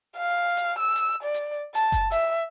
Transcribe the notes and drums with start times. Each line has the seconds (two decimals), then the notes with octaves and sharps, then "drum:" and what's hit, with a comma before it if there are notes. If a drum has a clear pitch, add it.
0.17 F5
0.57 drum: hi-hat
0.79 E6
0.96 drum: hi-hat
1.23 D5
1.34 drum: hi-hat
1.75 A5, drum: hi-hat
1.92 drum: kick F#1, hi-hat
2.12 E5, drum: hi-hat